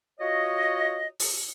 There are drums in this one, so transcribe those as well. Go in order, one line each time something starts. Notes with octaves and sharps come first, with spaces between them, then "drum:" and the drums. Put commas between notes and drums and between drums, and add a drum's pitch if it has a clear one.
F4 F#4 C#5 D#5
drum: open hi-hat